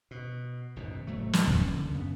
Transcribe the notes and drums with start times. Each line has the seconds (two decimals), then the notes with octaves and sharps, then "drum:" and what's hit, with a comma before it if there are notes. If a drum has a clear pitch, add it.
0.11 B2
0.76 G#1 F#2 B2
1.07 F1 A2 F#3 A3
1.33 drum: snare
1.47 E2 A#2 D#3 C#4, drum: kick
1.72 D3
1.94 F#2 C#3 B3